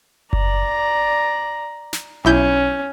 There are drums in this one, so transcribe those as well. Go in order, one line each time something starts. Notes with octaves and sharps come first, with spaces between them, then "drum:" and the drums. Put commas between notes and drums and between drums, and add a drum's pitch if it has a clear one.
D5 A#5, drum: kick F#1
drum: snare
B1 C#4 E4 G6